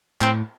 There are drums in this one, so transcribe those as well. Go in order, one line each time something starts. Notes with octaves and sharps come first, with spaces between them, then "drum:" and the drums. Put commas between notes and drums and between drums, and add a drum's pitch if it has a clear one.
A2 C4, drum: clap